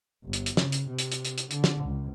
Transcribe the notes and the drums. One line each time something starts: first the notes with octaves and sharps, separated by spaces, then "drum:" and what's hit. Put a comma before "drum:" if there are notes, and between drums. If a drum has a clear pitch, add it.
G1
drum: hi-hat
drum: hi-hat
C#3, drum: snare
drum: hi-hat
C3
drum: hi-hat
drum: hi-hat
drum: hi-hat
drum: hi-hat
D3, drum: hi-hat
drum: snare
C#2